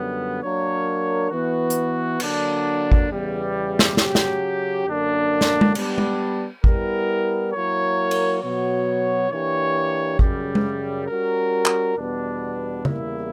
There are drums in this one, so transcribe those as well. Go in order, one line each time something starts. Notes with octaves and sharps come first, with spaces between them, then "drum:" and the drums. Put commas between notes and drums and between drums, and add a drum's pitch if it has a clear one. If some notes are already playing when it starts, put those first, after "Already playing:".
Already playing: F#2 D3 G3 B3
F#3 A#3 D4 A#4 C#5
E3 B3 F#4
drum: hi-hat
D3 F#3 A#3 D4, drum: cymbal
drum: kick G#1
E2 C#3 E3 G3 B3
drum: snare
C#3 F#3 C#4 G4, drum: snare
drum: snare
F#2 D3 A#3 D4 A#4
drum: snare
drum: tom G#3
G3 B3 D4, drum: cymbal
drum: tom G#3
G3 B3 E4 A#4, drum: kick G#1
F#3 A#3 E4 A#4 C#5
drum: cymbal
B2 F#3 B3 F#4 C#5
E3 A#3 D4 G4 C#5
F#2 C#3 G3, drum: kick G#1
drum: tom G#3
G3 C#4 F#4 A#4
drum: clap
E2 B2 G3 B3 D4
E2 C#3 G3 A#3 E4, drum: tom C#3